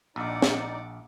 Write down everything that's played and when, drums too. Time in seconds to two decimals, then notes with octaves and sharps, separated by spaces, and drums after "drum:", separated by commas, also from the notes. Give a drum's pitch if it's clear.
0.16 A#1 D#4 D5 F#5 D6
0.42 drum: snare